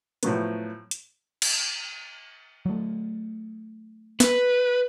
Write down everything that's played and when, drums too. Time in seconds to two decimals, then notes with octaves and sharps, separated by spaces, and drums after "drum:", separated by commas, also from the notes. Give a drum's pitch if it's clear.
0.23 A2 F3 F#3 B3, drum: hi-hat
0.91 drum: hi-hat
1.42 drum: cymbal
2.66 F#3 A3
4.20 B4, drum: snare